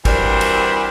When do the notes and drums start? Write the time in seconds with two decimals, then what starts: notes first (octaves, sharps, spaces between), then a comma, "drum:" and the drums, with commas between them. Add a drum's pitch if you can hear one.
0.05 E3 G3 C4 D4 F#4 A#4, drum: kick, cymbal
0.41 drum: cymbal